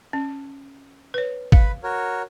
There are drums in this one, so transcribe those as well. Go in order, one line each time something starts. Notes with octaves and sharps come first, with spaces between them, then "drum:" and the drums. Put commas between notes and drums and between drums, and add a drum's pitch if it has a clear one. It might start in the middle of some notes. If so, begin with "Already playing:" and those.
C#4
B4 C#5
B4 F5 B5, drum: kick G#1
F#4 A#4 C#5